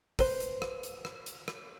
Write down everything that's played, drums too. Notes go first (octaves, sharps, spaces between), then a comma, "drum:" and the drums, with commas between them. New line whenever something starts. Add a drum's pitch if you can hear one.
B4 C5, drum: kick, open hi-hat
drum: hi-hat
drum: rim click
drum: hi-hat
drum: rim click
drum: hi-hat
drum: rim click